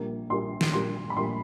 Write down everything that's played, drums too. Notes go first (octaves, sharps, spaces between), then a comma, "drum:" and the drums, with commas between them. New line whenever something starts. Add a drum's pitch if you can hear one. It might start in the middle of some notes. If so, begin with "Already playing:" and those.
Already playing: A#1 A#2 G3 A#3
A#1 A#2 G3 A#3 C6
drum: snare
A#1 A#2 G3 A#3 C6
B5
A#1 A#2 G3 A#3 C6